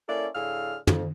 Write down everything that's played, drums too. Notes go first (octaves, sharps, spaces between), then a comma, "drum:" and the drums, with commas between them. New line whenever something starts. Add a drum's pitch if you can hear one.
A#3 C#4 E4 A4 D5
A2 D3 G#4 F5 E6 F6
F2, drum: tom